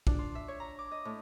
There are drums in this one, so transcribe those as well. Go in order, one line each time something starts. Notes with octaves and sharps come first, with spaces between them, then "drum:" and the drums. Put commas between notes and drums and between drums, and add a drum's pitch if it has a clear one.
D4, drum: kick
F4
E5
C#5
A#5
D6
D#5
A2